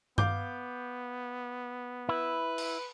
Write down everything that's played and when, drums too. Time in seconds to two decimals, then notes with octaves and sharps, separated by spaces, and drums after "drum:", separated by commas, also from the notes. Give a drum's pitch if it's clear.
0.18 B3 F5 D6 G6, drum: tom G2
2.09 E4 B4
2.58 drum: cymbal